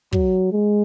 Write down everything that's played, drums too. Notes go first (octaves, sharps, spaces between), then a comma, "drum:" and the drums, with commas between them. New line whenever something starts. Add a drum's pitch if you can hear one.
F#3, drum: kick
G#3